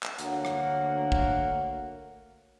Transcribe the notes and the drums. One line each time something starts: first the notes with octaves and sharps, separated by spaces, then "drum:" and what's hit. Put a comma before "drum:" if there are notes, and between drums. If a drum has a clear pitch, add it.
drum: clap
D2 A#3 C#5 F#5, drum: hi-hat
drum: rim click
drum: kick